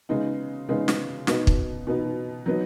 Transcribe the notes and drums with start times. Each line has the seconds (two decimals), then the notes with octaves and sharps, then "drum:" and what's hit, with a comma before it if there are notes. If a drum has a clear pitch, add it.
0.09 C#3 G#3 B3 D#4
0.69 C#3 G#3 B3 D#4
0.88 drum: snare
1.27 B2 B3 D#4, drum: snare
1.47 drum: kick
1.87 B2 B3 D#4
2.46 F#3 B3 D#4